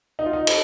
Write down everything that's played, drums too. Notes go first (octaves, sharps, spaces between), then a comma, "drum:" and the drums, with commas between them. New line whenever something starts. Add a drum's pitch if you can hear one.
D#4
F4
D#4
drum: cymbal